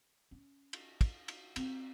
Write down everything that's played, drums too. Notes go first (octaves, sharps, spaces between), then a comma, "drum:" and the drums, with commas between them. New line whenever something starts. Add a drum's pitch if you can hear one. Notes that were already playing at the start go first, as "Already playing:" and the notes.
C#4
drum: cymbal
drum: kick, cymbal
drum: cymbal
C4, drum: cymbal